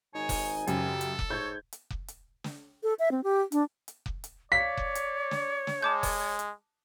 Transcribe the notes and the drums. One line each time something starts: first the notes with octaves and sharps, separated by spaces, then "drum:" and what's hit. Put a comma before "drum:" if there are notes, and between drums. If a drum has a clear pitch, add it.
G#1 G#2 D#4 C#5 G#5
drum: kick F1, open hi-hat
F#2 C#3 G4 A4, drum: hi-hat
drum: hi-hat
drum: kick F1
G#2 C#5 G6 G#6
drum: hi-hat
drum: kick F1
drum: hi-hat
drum: snare
A4
E5
C4
G4
D4, drum: hi-hat
drum: hi-hat
drum: kick F1
drum: hi-hat
C#5 D5 F5 B6
drum: kick F1
drum: hi-hat
drum: snare
drum: snare
G#3 A5 D6 G6
drum: kick F1, open hi-hat
drum: hi-hat